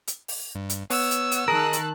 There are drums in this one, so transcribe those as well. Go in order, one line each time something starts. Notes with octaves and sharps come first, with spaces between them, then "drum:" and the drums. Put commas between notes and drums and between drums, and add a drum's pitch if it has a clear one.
drum: hi-hat
drum: open hi-hat
G2
drum: hi-hat
B3 C#5 F#5 E6, drum: open hi-hat
drum: hi-hat
drum: hi-hat
D#3 G#4 A#4 A5 D#6 F#6
drum: hi-hat